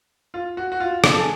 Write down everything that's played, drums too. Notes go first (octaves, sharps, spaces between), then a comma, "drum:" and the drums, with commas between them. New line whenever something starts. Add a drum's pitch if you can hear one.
F4
F#4
F#4
F4
drum: rim click
A4
G#4